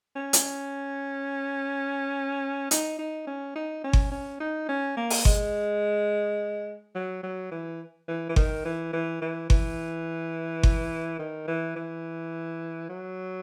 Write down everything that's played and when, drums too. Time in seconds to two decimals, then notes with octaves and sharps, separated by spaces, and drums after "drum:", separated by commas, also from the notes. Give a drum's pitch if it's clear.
0.16 C#4
0.33 drum: hi-hat
2.71 D#4, drum: hi-hat
2.99 D#4
3.27 C#4
3.56 D#4
3.84 C#4
3.93 drum: kick G1
4.11 C#4
4.40 D#4
4.69 C#4
4.97 A#3
5.11 drum: open hi-hat
5.25 G#3, drum: kick G1
6.95 F#3
7.23 F#3
7.51 E3
8.08 E3
8.29 E3
8.36 D#3, drum: kick G1
8.65 E3
8.93 E3
9.22 E3
9.50 E3, drum: kick G1
10.63 drum: kick G1
11.19 D#3
11.47 E3
11.76 E3
12.89 F#3